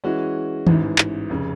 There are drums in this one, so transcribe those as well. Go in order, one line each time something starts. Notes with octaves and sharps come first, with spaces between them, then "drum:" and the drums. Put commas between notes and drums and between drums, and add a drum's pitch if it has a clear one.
E3 G#3 C#4 F#4
A1 G#2 E3, drum: tom D#3
drum: clap
F1 C#3